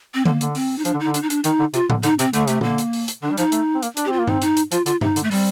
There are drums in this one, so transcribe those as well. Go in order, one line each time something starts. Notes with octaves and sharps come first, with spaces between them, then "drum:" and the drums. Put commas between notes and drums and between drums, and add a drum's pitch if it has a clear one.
C4
D3 A#3, drum: tom D3
D3, drum: hi-hat
C4, drum: open hi-hat
D#4
F3 D4, drum: hi-hat
D3
D#4
D3
D4, drum: hi-hat
D#4
D4, drum: hi-hat
D#3 D#4, drum: hi-hat
D3
C3 F4, drum: hi-hat
D3, drum: tom A2
D3 D#4, drum: hi-hat
C3 C4, drum: hi-hat
D3 A3, drum: hi-hat
C3 A3, drum: hi-hat
D3 A#3, drum: tom A#2
drum: hi-hat
drum: open hi-hat
drum: hi-hat
D3 D4
G3
F3 D#4, drum: hi-hat
A3, drum: hi-hat
C4
A#3, drum: hi-hat
D4, drum: hi-hat
G4
C4 F4
A#3
C4 D#4, drum: tom G2
D#4, drum: hi-hat
drum: hi-hat
F3 F4, drum: hi-hat
D3 F4, drum: hi-hat
C3 D#4, drum: tom G2
D3, drum: hi-hat
A3
G3 C4, drum: open hi-hat